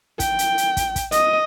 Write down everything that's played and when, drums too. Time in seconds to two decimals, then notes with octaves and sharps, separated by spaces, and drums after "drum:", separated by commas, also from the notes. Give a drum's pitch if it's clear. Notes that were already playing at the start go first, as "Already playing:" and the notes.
0.20 G5, drum: kick, hi-hat
0.39 drum: hi-hat
0.58 drum: hi-hat
0.77 drum: kick, hi-hat
0.96 drum: kick, hi-hat
1.12 D#5, drum: hi-hat